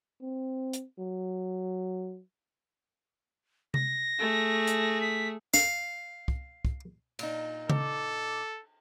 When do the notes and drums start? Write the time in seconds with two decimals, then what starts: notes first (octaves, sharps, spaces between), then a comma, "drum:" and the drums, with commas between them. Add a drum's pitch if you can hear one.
0.22 C4
0.73 drum: hi-hat
0.99 F#3
3.74 A#6, drum: tom C3
4.19 A3 G#4
4.67 drum: hi-hat
5.01 B6
5.54 F5, drum: snare
6.28 drum: kick
6.65 drum: kick
7.19 A#2 D#4, drum: cymbal
7.70 A4 D6, drum: tom C#3